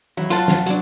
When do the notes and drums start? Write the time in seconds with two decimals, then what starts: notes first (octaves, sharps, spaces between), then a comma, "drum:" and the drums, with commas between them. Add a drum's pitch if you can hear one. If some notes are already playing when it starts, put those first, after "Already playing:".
0.17 F#3 E4
0.30 F4 C5 F#5 A5, drum: hi-hat
0.48 drum: snare
0.66 F#3 D4, drum: hi-hat